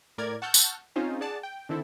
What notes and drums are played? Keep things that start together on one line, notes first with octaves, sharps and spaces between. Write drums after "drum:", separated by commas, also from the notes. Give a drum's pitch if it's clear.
A2 A#4 D5 G#6
F#5 A5 C#6 E6 F6 G6
drum: tambourine
C4 C#4 D#4 F4 G#4 C5
G#4 D5 F#5 A5
G5
D3 D#3 C4 E4 A4